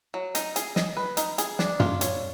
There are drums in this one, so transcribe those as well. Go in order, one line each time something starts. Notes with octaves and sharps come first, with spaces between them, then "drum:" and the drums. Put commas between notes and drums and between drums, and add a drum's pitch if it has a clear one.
F#3
D#4, drum: hi-hat
G#4, drum: hi-hat
D#5, drum: snare
B4
D#4, drum: hi-hat
G#4, drum: hi-hat
D4, drum: snare
F4, drum: tom
C#5, drum: hi-hat